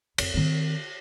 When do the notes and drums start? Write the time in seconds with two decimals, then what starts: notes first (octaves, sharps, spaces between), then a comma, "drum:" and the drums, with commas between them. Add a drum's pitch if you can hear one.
0.18 F2, drum: cymbal
0.34 D#3 C4